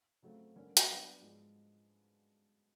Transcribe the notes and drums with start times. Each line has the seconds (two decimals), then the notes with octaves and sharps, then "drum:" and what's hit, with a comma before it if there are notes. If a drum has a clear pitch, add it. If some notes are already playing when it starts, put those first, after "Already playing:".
0.23 C#3 F#3 A3 C4 F4
0.56 D3 G3 A#3 C#4
0.77 drum: hi-hat
0.89 F#3 B3 D4 F#4 B4
1.21 G#2 F3 G#3